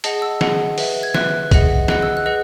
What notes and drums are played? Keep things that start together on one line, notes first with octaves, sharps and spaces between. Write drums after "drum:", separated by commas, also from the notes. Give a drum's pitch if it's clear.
G#4 D#5 F#5 A5, drum: hi-hat
E6
G#4 D#5 F#5, drum: snare
B4 E5, drum: open hi-hat
G#6
B4 E5 F#6, drum: snare
G#4 D#5 F#5, drum: kick, hi-hat
G#4 D#5 F#5 F#6, drum: snare
E6
F#6
G#4 B4 D#5 F#5